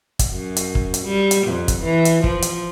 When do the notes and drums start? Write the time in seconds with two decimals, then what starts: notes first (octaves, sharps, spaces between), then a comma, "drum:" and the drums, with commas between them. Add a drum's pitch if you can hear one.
0.19 drum: kick, hi-hat
0.31 F#2
0.57 drum: hi-hat
0.75 drum: kick
0.94 drum: hi-hat
1.06 G3
1.31 drum: hi-hat
1.47 F2
1.68 drum: kick, hi-hat
1.83 E3
2.05 drum: hi-hat
2.24 F3, drum: kick
2.42 drum: hi-hat